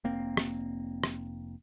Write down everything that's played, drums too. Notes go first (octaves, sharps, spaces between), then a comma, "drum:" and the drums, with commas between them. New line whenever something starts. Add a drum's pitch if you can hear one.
F1 A#3 C4
drum: rim click
drum: rim click